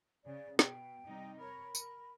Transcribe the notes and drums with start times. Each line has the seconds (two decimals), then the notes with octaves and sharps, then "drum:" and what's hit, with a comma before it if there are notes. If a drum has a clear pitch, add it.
0.25 C#3 D5
0.59 B2 G5, drum: snare
1.04 C3 G3 D#4
1.38 A#4 C#5 B5
1.75 A#4, drum: tambourine